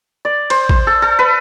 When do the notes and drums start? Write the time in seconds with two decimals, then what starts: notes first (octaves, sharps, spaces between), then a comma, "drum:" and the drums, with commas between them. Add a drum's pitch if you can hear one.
0.25 D5
0.50 C5, drum: cymbal
0.69 C5, drum: kick
0.87 A4
1.02 A4
1.19 B4